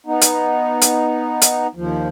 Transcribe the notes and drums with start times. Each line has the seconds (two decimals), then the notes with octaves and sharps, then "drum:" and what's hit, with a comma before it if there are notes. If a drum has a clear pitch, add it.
0.06 B3 D#4
0.21 drum: hi-hat
0.81 drum: hi-hat
1.42 drum: hi-hat
1.75 D#2 F3